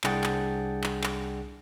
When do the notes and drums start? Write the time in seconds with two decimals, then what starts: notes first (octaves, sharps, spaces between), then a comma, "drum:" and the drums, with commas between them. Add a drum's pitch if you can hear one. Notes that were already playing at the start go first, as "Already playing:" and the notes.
0.04 C2 D4 G#4 F#5 G5 A6, drum: clap
0.24 drum: clap
0.84 drum: clap
1.04 drum: clap